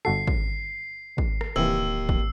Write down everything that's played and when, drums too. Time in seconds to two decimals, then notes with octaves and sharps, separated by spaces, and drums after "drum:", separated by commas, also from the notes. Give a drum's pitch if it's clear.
0.05 G1 F#4 A4 C7
0.27 drum: kick
1.18 drum: kick
1.41 drum: rim click
1.56 D1 D#2 C3 E3 E6
2.09 drum: kick